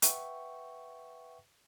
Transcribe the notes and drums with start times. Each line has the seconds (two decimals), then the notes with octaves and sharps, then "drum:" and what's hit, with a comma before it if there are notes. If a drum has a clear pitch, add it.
0.02 B4 E5 F#5 G5 C#6, drum: hi-hat